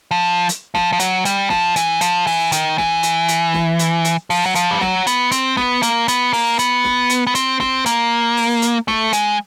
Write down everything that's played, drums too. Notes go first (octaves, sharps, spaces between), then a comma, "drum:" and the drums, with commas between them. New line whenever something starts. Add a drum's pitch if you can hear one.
F3
drum: hi-hat
F3, drum: snare
F3
F#3, drum: hi-hat
G3, drum: hi-hat
F3, drum: snare
E3, drum: hi-hat
F3, drum: hi-hat
E3, drum: open hi-hat
D#3, drum: hi-hat
E3, drum: snare
drum: hi-hat
drum: hi-hat
drum: snare
drum: hi-hat
drum: hi-hat
F3, drum: open hi-hat
F#3
F3, drum: hi-hat
G3
F#3, drum: snare
B3, drum: hi-hat
C4, drum: hi-hat
B3, drum: snare
A#3, drum: hi-hat
B3, drum: hi-hat
A#3, drum: open hi-hat
B3, drum: hi-hat
drum: snare
drum: hi-hat
B3
C4, drum: hi-hat
C4, drum: snare
A#3, drum: hi-hat
drum: open hi-hat
drum: hi-hat
A3, drum: snare
G#3, drum: hi-hat